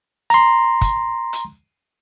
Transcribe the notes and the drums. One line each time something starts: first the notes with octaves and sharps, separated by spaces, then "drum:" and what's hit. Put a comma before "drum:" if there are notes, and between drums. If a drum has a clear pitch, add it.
A#5 C6, drum: hi-hat
drum: kick, hi-hat
drum: hi-hat